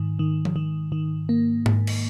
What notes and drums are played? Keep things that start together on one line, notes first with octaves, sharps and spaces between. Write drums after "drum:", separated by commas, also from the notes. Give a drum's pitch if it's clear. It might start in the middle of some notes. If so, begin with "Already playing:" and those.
Already playing: G#2 D#3
D#3
drum: tom F3
D#3
D#3
A#3
G#2, drum: tom G#2
drum: cymbal